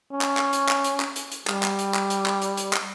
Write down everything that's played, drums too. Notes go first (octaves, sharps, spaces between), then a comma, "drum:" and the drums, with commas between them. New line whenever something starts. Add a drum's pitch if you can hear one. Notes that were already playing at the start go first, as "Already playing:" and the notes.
C#4
drum: clap
drum: clap
drum: hi-hat
drum: clap
drum: hi-hat
drum: clap
drum: hi-hat
drum: hi-hat
G3, drum: clap
drum: clap
drum: hi-hat
drum: clap
drum: hi-hat
drum: clap
drum: hi-hat
drum: hi-hat
drum: clap